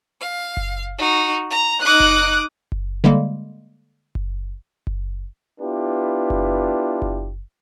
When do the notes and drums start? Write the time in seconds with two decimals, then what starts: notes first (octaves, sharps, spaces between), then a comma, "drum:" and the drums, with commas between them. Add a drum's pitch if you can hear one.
0.20 F5
0.57 drum: kick F#1
0.96 D#4 F#4
1.49 A#5
1.82 D#4 D6 D#6 F#6
2.00 drum: kick F#1
2.72 drum: kick F#1
3.04 D3 G3 G#3 A#3
4.15 drum: kick F#1
4.87 drum: kick F#1
5.60 B3 D4 E4 F4 G4 B4
6.30 drum: kick F#1
7.02 drum: kick F#1